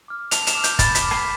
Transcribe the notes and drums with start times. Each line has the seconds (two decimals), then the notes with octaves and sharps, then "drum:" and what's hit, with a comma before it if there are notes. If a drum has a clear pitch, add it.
0.08 D6 F6
0.31 A5 F7, drum: hi-hat
0.47 E7, drum: hi-hat
0.55 D6 F6
0.64 G6, drum: hi-hat
0.79 B5 A6, drum: kick, hi-hat
0.95 B6, drum: hi-hat
1.02 D6 F6
1.11 C7, drum: rim click